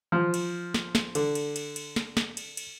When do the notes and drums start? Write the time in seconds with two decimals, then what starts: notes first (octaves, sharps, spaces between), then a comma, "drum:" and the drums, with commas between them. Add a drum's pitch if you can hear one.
0.12 F3
0.34 drum: cymbal
0.74 drum: snare
0.95 drum: snare
1.15 D3, drum: cymbal
1.35 drum: cymbal
1.56 drum: cymbal
1.76 drum: cymbal
1.96 drum: snare
2.17 drum: snare
2.37 drum: cymbal
2.57 drum: cymbal